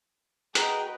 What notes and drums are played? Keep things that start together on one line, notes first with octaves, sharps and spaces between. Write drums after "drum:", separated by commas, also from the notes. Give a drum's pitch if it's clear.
F#4 G#4 B4 D#5 G5 A#5, drum: hi-hat